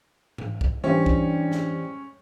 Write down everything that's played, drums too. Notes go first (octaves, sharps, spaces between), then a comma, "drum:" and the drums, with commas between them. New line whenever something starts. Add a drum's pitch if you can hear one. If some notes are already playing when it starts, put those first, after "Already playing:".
drum: tom G#2
drum: kick B1
E3 G3 C#4 D4 C5
drum: kick B1
drum: snare